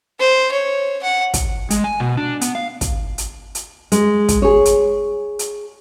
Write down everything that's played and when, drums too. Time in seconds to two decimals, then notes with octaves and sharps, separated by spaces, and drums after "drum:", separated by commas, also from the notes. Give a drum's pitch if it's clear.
0.20 C5
0.52 C#5
1.03 F#5
1.34 drum: kick, hi-hat
1.70 G#3, drum: hi-hat
1.84 G#5
2.00 B2
2.17 D4
2.41 B3, drum: hi-hat
2.55 F5
2.81 drum: kick, hi-hat
3.18 drum: hi-hat
3.55 drum: hi-hat
3.92 G#3, drum: hi-hat
4.29 drum: kick, hi-hat
4.42 G#4 C#5
4.65 drum: hi-hat
5.39 drum: hi-hat